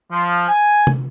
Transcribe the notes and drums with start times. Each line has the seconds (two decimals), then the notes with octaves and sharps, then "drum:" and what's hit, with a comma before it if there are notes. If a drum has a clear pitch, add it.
0.12 F3
0.48 G#5
0.87 drum: tom C3